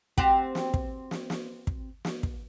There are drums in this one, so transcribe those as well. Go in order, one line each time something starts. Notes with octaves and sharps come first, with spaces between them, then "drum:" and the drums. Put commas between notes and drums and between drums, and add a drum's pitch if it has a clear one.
C4 F#4 G4, drum: kick
drum: snare
drum: kick
drum: snare
drum: snare
drum: kick
drum: snare
drum: kick